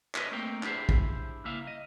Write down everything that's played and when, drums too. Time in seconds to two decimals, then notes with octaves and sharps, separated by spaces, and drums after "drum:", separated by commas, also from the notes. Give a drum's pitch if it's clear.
0.15 A#4 B4 D#5 E5, drum: clap
0.32 A3 A#3 C4 D#4 A#4 G5
0.63 D4 E4 G4 G#4 C5, drum: clap
0.89 drum: kick
1.44 C2 C#3 A#3 E4 E5 F5
1.67 D#5